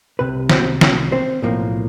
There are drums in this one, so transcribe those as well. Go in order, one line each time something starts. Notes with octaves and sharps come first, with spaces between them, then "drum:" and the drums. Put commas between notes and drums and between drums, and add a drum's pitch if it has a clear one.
C2 C3 B4
C4 C5, drum: snare
C#4 C#5, drum: snare
C4 C5
B1 A2 F3 A#3